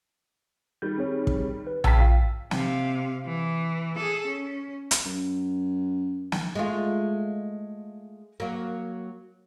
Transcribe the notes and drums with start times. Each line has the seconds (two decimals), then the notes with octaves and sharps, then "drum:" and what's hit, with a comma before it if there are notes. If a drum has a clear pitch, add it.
0.82 D#3 G3 G6
0.98 C4 G#4 C#5
1.27 drum: kick
1.67 B4
1.84 C#3 G5 A5 E6 B6, drum: tom A#1
2.00 F4
2.51 C3 F5, drum: snare
3.26 E3
3.95 G#4 A4
4.27 C#4
4.91 drum: hi-hat
5.05 F#2
6.32 drum: snare
6.55 G#3 A3 F4
8.40 F#3 A#3